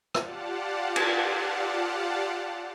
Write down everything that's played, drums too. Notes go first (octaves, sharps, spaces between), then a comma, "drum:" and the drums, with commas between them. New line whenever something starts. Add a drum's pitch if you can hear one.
F4 G4 D5 F5 F#5 A5, drum: rim click
drum: cymbal